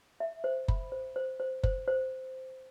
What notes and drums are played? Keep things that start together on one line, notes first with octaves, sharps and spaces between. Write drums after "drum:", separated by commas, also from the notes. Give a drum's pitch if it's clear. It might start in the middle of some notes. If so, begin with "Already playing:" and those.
E5
C5
B5, drum: kick F#1
C5
C5
C5
C5, drum: kick F#1
C5